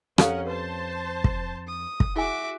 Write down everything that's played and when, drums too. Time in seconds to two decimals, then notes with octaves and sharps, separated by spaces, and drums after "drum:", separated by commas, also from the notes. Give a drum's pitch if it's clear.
0.18 F2 C#4 G4 A4 A#4 F5 F#5, drum: rim click
0.46 B4 C5 A5
1.24 drum: kick
1.67 D#6
2.00 drum: kick
2.16 E4 F#4 G#4 E5 G#5 D6